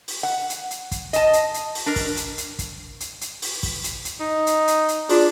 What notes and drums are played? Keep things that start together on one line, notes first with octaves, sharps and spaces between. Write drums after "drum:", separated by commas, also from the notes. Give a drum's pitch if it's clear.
drum: open hi-hat
F#5
drum: hi-hat
drum: hi-hat
drum: kick, hi-hat
D#5 A5, drum: hi-hat
drum: hi-hat
drum: hi-hat
drum: open hi-hat
D4 A#4
drum: kick, open hi-hat
drum: hi-hat
drum: hi-hat
drum: kick, hi-hat
drum: hi-hat
drum: hi-hat
drum: open hi-hat
drum: kick, open hi-hat
drum: hi-hat
drum: hi-hat
D#4
drum: hi-hat
drum: hi-hat
drum: hi-hat
D4 F4 F#4 G#4, drum: open hi-hat